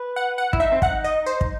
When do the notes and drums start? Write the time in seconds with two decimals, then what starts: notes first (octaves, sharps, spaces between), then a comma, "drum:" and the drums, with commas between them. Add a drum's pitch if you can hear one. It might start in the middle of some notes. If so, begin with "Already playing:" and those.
Already playing: B4
0.16 F#5
0.38 F#5
0.53 E4, drum: kick
0.60 D#4 E5
0.72 C4
0.82 D#4 F#5, drum: kick
1.04 D#5
1.26 C5
1.41 drum: kick